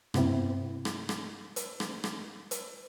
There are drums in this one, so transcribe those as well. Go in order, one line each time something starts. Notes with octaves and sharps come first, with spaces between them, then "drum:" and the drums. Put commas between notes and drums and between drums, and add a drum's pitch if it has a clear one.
G2 C3 B3 C4 E4, drum: rim click
drum: rim click
drum: rim click
drum: hi-hat
drum: rim click
drum: rim click
drum: hi-hat